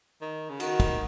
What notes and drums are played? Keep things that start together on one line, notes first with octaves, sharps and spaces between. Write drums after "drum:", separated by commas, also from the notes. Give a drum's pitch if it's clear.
D#3
C#3
D#3 F#4, drum: cymbal
drum: kick, cymbal